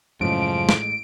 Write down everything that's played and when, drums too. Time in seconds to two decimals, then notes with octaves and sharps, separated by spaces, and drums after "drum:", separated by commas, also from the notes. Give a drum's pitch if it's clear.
0.21 A1 F#2 C#3 F3 G#3 A3 D7
0.69 drum: snare